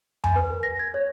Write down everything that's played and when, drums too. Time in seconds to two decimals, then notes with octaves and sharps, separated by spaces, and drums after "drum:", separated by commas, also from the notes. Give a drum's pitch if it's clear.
0.24 G#5, drum: tom F2
0.36 B4
0.50 A#4
0.63 A#6
0.79 G#6
0.94 C#5